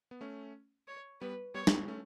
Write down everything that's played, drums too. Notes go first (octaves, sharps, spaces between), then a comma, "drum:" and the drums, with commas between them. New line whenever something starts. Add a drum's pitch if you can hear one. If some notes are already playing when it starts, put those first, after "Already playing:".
B3
A3 C#4
C#5
G3 B3 B4
G3 B3 C#5
A3, drum: snare
G3 B3
A3 C#4